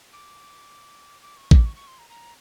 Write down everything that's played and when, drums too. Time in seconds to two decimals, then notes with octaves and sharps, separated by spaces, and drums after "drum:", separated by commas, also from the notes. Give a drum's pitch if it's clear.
0.13 D6
1.22 D6
1.37 C#6
1.51 D6, drum: kick A1
1.66 C#6
1.76 C#6
1.87 C6
1.99 A#5
2.10 A#5